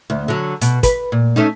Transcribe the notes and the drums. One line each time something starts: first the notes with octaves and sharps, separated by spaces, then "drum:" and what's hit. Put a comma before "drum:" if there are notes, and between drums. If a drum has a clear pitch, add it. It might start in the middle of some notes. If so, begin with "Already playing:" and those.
D2
D3 F#3
B2, drum: hi-hat
B4, drum: kick, hi-hat
A#2
A3 C#4 D#4